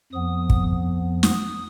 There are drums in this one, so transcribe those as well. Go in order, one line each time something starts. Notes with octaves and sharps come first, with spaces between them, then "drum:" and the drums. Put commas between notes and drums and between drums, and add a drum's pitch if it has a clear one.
F2 F3 B3 D#6
drum: kick
D#6, drum: snare